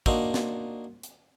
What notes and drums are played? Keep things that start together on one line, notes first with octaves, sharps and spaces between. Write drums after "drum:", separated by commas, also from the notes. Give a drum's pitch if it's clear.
A#3 D4 D#4 F#4 C5, drum: kick
drum: snare
drum: hi-hat